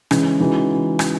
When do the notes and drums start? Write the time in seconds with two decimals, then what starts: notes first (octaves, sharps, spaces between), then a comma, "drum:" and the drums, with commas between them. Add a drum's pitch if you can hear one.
0.11 C#3 E3 G#3, drum: rim click
0.40 C#3 E3 G#3 D#4 F#4
0.99 drum: rim click